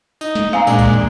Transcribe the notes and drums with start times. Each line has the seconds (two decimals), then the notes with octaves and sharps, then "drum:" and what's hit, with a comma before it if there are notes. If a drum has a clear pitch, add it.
0.21 D#4, drum: tambourine
0.35 drum: snare
0.53 C4 F5 G#5 A#5
0.67 A#2 G#3 D4, drum: tambourine
0.78 drum: kick B1, tambourine
0.94 E2